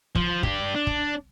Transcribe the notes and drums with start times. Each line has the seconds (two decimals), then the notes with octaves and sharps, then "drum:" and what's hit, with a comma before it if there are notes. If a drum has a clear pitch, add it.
0.15 F3, drum: kick
0.43 D4 G4, drum: kick
0.75 D4
0.87 drum: kick